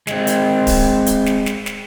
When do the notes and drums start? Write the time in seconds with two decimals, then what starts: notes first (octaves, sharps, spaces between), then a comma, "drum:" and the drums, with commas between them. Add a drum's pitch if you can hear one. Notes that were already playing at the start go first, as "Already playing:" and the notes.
0.07 G#3 C4, drum: snare
0.27 drum: hi-hat
0.67 drum: kick D1, open hi-hat
1.06 drum: hi-hat
1.26 drum: snare
1.46 drum: snare
1.66 drum: snare